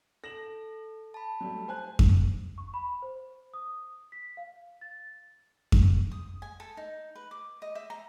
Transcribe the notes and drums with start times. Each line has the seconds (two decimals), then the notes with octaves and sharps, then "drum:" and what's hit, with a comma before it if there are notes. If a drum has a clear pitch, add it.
0.24 A4 A#6 E7 F#7
1.14 A5 B5
1.41 F#3 G3 A3
1.68 C5 G#5 F#6
1.99 drum: kick F2
2.58 C#6
2.74 B5
3.02 C5
3.54 D#6
4.12 B6
4.37 F5
4.81 A6
5.72 drum: kick F2
6.12 D#6
6.42 G#5
6.60 A4
6.77 D#4
7.15 B4
7.31 D6
7.62 D#5
7.75 E5
7.90 A#5